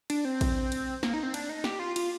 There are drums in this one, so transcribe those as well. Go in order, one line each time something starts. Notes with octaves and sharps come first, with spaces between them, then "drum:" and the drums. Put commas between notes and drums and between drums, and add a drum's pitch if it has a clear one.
D4, drum: cymbal
C4
drum: kick A#1, cymbal
drum: cymbal
A#3, drum: snare
D#4
C4
D4, drum: cymbal
D#4
G4, drum: snare
F4
F4, drum: cymbal